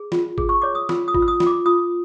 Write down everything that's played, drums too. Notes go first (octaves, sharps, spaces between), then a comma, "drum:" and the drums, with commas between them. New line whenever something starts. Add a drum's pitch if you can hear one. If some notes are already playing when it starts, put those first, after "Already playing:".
Already playing: G#4
F4, drum: snare
G#4, drum: kick G#1
C#6
C#5 D6
D#6
F4 E6, drum: snare
D#6
F4, drum: kick G#1
E6
D#6
F4, drum: snare
D6
F4 D#6